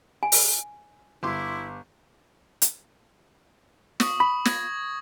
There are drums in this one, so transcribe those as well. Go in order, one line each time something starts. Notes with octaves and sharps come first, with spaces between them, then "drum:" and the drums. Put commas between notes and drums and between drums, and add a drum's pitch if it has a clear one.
G#5
drum: open hi-hat
G1 E4 C6 D6
drum: hi-hat
C#6 D#6, drum: snare
B5
G#6 A#6, drum: snare